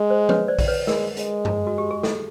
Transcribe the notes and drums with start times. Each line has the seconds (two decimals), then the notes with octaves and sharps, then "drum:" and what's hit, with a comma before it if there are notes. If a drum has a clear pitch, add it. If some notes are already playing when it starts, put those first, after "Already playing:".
Already playing: G#3
0.10 C5
0.29 B4 C#5, drum: tom F3
0.48 C5 D5
0.59 D5, drum: kick A#1, open hi-hat
0.67 B4 C#5
0.87 G#3 A#4, drum: snare
1.17 G#3, drum: hi-hat
1.45 drum: tom G2
1.67 F#4
1.78 G4
1.91 G#4
2.03 A4, drum: snare